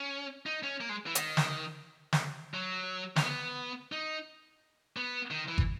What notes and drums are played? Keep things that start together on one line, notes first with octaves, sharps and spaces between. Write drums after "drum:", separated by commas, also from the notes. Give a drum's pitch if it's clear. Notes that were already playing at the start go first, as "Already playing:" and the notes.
Already playing: C#4
D#4
C#4
A#3
G#3
E3
D#3, drum: hi-hat
drum: snare
drum: snare
F#3
C#4, drum: snare
B3
D#4
B3
D#3
E3
drum: kick